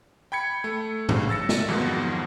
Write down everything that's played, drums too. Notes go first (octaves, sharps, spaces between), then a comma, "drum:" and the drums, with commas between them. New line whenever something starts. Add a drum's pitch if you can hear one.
G5 B5 G#6 C#7
A3
G2 C#3, drum: tom
E6 A6 A#6 C#7
E5, drum: snare
F2 G#2 B2 D#3 F3 F#3